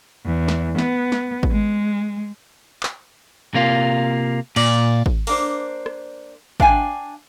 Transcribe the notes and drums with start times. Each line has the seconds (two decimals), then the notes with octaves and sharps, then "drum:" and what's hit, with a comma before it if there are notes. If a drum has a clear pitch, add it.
0.27 E2
0.48 drum: snare
0.78 B3, drum: snare
1.12 drum: snare
1.43 drum: kick G#1
1.52 G#3
2.83 drum: clap
3.54 C3 A#3 F4
4.56 A#2 D5, drum: cymbal
5.06 drum: kick G#1
5.27 A#3 D4 C5, drum: open hi-hat
5.86 drum: rim click
6.60 D4 F5 G5 G#5, drum: kick G#1